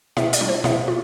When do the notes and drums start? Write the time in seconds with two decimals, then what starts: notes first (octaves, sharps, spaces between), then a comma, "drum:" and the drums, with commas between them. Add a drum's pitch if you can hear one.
0.17 B2 E5, drum: snare E4
0.33 D5, drum: hi-hat
0.41 G3 D4 F4
0.48 C5
0.64 B2 E5, drum: snare E4
0.88 F4